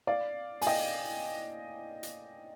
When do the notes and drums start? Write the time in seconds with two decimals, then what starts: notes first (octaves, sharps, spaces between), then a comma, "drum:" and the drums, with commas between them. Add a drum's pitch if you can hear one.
0.07 D5 F5
0.61 G#5, drum: open hi-hat
0.67 D#5 G5
2.03 drum: hi-hat